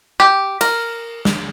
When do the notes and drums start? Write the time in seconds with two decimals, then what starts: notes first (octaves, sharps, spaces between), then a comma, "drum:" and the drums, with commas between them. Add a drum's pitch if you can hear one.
0.20 G4
0.61 A#4, drum: cymbal
1.25 drum: snare